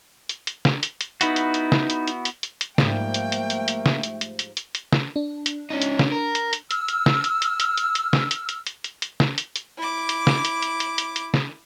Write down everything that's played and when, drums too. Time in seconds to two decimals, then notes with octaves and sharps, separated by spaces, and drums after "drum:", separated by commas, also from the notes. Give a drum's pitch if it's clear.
0.29 drum: hi-hat
0.47 drum: hi-hat
0.65 drum: snare
0.83 drum: hi-hat
1.01 drum: hi-hat
1.21 B3 D#4 E4 F#4, drum: hi-hat
1.36 drum: hi-hat
1.54 drum: hi-hat
1.72 drum: snare
1.90 drum: hi-hat
2.08 drum: hi-hat
2.25 drum: hi-hat
2.43 drum: hi-hat
2.61 drum: hi-hat
2.78 G#2 F3 G3 A3 A#3 G5, drum: snare
3.14 drum: hi-hat
3.32 drum: hi-hat
3.50 drum: hi-hat
3.68 drum: hi-hat
3.86 drum: snare
4.03 drum: hi-hat
4.21 drum: hi-hat
4.39 drum: hi-hat
4.57 drum: hi-hat
4.75 drum: hi-hat
4.92 drum: snare
5.16 D4
5.46 drum: hi-hat
5.70 C#4 D#4
5.82 drum: hi-hat
5.99 drum: snare
6.12 A#4
6.35 drum: hi-hat
6.53 drum: hi-hat
6.71 E6 F6, drum: hi-hat
6.88 drum: hi-hat
7.06 drum: snare
7.24 drum: hi-hat
7.42 drum: hi-hat
7.60 drum: hi-hat
7.77 drum: hi-hat
7.95 drum: hi-hat
8.13 drum: snare
8.31 drum: hi-hat
8.49 drum: hi-hat
8.67 drum: hi-hat
8.84 drum: hi-hat
9.02 drum: hi-hat
9.20 drum: snare
9.38 drum: hi-hat
9.56 drum: hi-hat
9.78 E4 D6
10.09 drum: hi-hat
10.27 drum: snare
10.45 drum: hi-hat
10.62 drum: hi-hat
10.80 drum: hi-hat
10.98 drum: hi-hat
11.16 drum: hi-hat
11.34 drum: snare